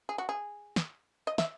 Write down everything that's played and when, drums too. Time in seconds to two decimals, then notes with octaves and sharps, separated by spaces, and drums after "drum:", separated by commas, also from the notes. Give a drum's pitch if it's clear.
0.09 G#4
0.18 F#4
0.29 G#4
0.76 drum: snare
1.27 D#5
1.38 E5, drum: snare